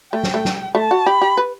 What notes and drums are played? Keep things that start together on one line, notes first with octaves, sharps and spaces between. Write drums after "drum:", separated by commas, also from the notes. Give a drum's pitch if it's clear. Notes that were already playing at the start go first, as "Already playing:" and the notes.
A3 G5
drum: snare
A3
drum: snare
A3 A5
F#4
G4 B5
G4
B4